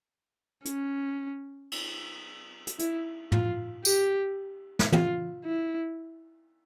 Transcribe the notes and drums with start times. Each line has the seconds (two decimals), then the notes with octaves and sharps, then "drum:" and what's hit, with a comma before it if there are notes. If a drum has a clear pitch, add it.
0.65 C#4, drum: hi-hat
1.72 drum: cymbal
2.67 drum: hi-hat
2.79 E4, drum: hi-hat
3.32 F4, drum: tom
3.85 G4, drum: tambourine
4.79 drum: snare
4.92 F4, drum: tom
5.45 E4